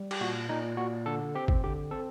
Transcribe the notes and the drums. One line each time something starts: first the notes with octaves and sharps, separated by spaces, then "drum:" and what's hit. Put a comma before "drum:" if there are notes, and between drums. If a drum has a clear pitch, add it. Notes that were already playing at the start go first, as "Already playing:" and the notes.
Already playing: G3
G4, drum: cymbal
A#2 F#4
A#2 D#4
A#2 F#4
D3 A4
C4 G4
drum: kick G1
D3 G4
C4 A4